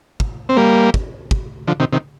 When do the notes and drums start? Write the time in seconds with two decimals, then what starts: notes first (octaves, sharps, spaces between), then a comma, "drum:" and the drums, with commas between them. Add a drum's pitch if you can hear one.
0.20 drum: kick
0.49 C4
0.57 G3 A#3
0.94 drum: kick
1.31 drum: kick
1.67 D3 F3
1.80 C3 D#3
1.93 C3 D#3